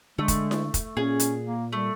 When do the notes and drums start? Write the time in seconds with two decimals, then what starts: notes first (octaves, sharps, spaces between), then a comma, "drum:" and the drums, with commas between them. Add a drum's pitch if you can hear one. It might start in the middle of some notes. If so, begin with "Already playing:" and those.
0.19 D3 G#3 A3
0.28 drum: kick F1, hi-hat
0.51 drum: snare E4
0.74 drum: kick F1, hi-hat
0.97 A#2 C#4 G#4
1.20 drum: hi-hat
1.44 A#3
1.73 G3 A3